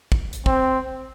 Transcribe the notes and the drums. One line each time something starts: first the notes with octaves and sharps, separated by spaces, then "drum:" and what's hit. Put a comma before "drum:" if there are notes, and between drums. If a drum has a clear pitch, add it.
drum: kick
drum: hi-hat
C4, drum: kick